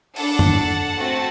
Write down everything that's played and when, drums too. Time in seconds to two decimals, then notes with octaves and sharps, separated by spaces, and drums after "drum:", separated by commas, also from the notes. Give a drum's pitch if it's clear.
0.16 D4 A4 F#5 A5, drum: open hi-hat
0.39 drum: tom
0.95 A3 C4 F#4 A4